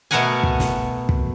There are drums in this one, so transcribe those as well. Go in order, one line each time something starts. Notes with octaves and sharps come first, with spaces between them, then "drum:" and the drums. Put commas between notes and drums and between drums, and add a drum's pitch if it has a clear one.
B2 A3 B3 A#4 F#5 G#5
drum: kick
drum: snare
drum: kick